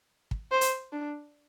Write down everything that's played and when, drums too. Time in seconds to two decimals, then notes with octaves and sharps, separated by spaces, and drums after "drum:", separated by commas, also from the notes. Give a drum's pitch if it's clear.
0.31 drum: kick
0.52 C5
0.61 drum: hi-hat
0.93 D4